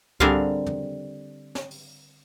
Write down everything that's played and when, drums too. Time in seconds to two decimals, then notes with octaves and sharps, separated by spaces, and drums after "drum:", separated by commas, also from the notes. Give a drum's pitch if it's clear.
0.20 D3 G3 C4 G#4 A#4 F5, drum: kick C#2
0.66 drum: tom
1.55 drum: snare
1.71 drum: open hi-hat